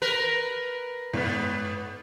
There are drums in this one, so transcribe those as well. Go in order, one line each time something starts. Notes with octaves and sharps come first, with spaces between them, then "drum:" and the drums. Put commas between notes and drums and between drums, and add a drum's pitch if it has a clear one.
A#4 B4
G#2 B3, drum: tom